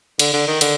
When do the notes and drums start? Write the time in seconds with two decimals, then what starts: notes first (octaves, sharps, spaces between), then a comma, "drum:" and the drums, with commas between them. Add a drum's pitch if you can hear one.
0.19 D3, drum: cymbal
0.33 D3
0.47 D#3
0.61 D3, drum: cymbal